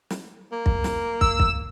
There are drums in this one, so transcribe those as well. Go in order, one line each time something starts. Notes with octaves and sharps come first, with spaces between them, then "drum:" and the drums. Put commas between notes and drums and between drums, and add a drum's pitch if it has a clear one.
drum: snare
A#3
drum: kick
drum: snare
E6, drum: kick
drum: kick